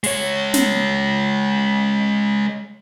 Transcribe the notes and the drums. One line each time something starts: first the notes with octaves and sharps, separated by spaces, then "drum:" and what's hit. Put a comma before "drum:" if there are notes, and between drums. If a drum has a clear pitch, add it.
G#3 C#5, drum: open hi-hat
drum: snare